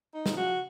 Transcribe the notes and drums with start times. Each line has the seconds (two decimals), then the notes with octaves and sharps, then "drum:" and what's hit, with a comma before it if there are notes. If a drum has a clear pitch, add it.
0.14 D#4
0.26 C#3 F3, drum: snare
0.37 F#4